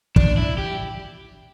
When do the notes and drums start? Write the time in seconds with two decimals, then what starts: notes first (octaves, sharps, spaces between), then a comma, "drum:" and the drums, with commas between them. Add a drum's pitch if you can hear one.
0.16 D4, drum: kick
0.37 E4
0.58 G4